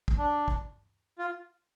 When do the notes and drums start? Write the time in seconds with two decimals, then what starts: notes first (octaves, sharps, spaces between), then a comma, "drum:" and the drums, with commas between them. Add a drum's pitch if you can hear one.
0.08 drum: kick
0.18 D4
0.48 drum: kick
1.19 F4